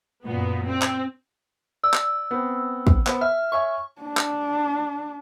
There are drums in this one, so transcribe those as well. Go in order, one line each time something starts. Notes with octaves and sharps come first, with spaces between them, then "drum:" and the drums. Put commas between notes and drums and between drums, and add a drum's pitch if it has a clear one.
F#2 A#2 B3
C4
drum: clap
D5 E6
drum: clap
B3 C4
drum: kick
B3 C5, drum: clap
E5 F6
C#5 E5 G#5 C#6
D4
drum: clap